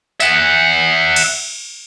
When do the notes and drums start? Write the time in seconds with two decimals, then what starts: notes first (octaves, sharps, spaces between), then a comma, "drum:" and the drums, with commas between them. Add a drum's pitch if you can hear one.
0.20 E5 F#5, drum: tambourine
1.16 drum: cymbal